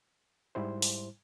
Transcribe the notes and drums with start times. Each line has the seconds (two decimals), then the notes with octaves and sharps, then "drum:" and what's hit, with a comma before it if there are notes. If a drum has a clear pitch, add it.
0.55 G#2 G3 E4 C5
0.82 drum: open hi-hat